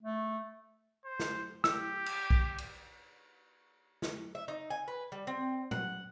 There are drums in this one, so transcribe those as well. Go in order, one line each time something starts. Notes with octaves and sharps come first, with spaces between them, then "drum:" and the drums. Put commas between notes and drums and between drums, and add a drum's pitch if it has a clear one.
A3
C5
drum: snare
G4 E6, drum: snare
drum: cymbal
drum: kick B1
drum: cymbal
drum: snare
E5
D#4
G#5
B4
G3
C4
F#5, drum: tom